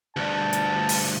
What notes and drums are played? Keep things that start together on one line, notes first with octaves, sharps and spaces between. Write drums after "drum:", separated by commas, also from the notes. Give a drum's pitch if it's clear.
D2 G2 A5
drum: hi-hat
drum: open hi-hat